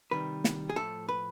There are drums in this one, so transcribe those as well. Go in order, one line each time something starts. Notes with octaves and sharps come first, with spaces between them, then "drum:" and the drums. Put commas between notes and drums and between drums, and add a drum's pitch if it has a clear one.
C3 D#3 G3 B4
drum: snare
G#4
A2 F3 A3 A4
B4